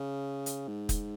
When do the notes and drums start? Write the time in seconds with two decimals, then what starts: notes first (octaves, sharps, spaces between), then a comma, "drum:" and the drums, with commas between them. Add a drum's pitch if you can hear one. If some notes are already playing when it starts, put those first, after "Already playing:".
Already playing: C#3
0.46 drum: hi-hat
0.68 G#2
0.89 drum: kick, hi-hat